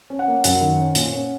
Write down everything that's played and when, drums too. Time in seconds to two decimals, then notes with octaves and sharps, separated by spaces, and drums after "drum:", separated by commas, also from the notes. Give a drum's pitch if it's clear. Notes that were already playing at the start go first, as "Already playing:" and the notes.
0.10 C#4
0.19 F#5
0.28 A#3
0.44 F#2 F#5, drum: hi-hat
0.61 D#3
0.78 C#4
0.95 A#2, drum: hi-hat
1.12 C#4